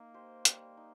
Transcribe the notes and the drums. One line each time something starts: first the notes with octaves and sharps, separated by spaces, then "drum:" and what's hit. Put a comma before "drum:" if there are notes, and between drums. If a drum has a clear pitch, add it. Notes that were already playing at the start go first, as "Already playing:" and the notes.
Already playing: A#3 D#4
G4 C5 D#5
G3, drum: hi-hat
D#4